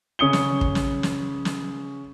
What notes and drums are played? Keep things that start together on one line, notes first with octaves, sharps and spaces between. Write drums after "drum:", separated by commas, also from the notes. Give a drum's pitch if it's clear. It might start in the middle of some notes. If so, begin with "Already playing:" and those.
C#3 C#4 D#6 C#7 G7
drum: snare
drum: kick
drum: snare
drum: snare
drum: snare